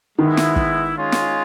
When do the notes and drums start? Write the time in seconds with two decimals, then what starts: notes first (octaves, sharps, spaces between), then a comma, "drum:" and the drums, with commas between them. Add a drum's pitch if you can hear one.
0.19 D#3 G#3 B3 E4
0.37 drum: snare
0.56 drum: kick
0.94 G#3 C#4 F4
1.12 drum: snare